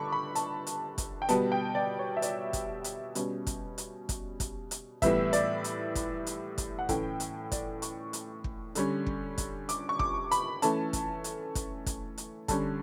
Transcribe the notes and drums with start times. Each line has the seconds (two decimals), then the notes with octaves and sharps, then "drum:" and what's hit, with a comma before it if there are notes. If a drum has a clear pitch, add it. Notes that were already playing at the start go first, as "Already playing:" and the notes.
Already playing: D3 G3 A5 B5 C#6 D6
0.12 B5
0.35 A5, drum: hi-hat
0.67 drum: hi-hat
0.98 drum: kick, hi-hat
1.22 G5
1.29 B2 G3 B3 A5, drum: hi-hat
1.52 G5
1.75 D5
1.99 C#5
2.17 E5
2.22 D5, drum: hi-hat
2.53 drum: kick, hi-hat
2.84 drum: hi-hat
3.15 B2 G3 C#4, drum: hi-hat
3.47 drum: kick, hi-hat
3.78 drum: hi-hat
4.09 drum: kick, hi-hat
4.40 drum: kick, hi-hat
4.71 drum: hi-hat
5.02 A2 E3 G3 B3 E5, drum: kick, hi-hat
5.33 D5, drum: hi-hat
5.64 drum: hi-hat
5.95 drum: kick, hi-hat
6.27 drum: hi-hat
6.58 drum: kick, hi-hat
6.79 F#5
6.89 A2 E3 A3 C#4 G5, drum: kick, hi-hat
7.20 drum: hi-hat
7.52 D5, drum: kick, hi-hat
7.82 C#6, drum: hi-hat
8.13 drum: hi-hat
8.44 drum: kick
8.75 D3 G3 C#4, drum: hi-hat
9.06 drum: kick
9.38 drum: kick, hi-hat
9.69 D6, drum: hi-hat
9.89 C#6
9.99 D6, drum: kick
10.31 B5, drum: hi-hat
10.62 E3 A3 C#4 A5, drum: hi-hat
10.93 drum: kick, hi-hat
11.24 drum: hi-hat
11.55 drum: kick, hi-hat
11.86 drum: kick, hi-hat
12.18 drum: hi-hat
12.48 D3 G3 C#4 A5, drum: kick, hi-hat